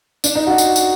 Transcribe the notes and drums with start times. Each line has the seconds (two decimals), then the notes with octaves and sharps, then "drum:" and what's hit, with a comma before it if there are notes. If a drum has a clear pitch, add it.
0.24 D4, drum: tambourine
0.35 D#4
0.47 F#4
0.58 drum: tambourine
0.76 drum: tambourine